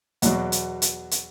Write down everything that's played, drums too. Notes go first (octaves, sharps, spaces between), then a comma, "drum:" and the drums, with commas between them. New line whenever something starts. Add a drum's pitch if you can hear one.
E2 B2 F#3 F#4, drum: hi-hat
drum: hi-hat
drum: hi-hat
drum: hi-hat